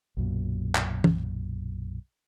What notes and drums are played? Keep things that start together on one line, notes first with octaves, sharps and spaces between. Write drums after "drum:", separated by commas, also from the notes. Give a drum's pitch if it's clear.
B1 F#2 A#2
drum: clap
drum: tom